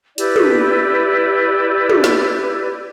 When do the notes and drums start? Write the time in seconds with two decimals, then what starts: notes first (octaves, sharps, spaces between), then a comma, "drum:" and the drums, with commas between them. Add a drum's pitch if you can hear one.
0.18 E4 G4 B4 D5, drum: hi-hat
0.36 drum: tom
1.90 drum: tom
2.04 drum: snare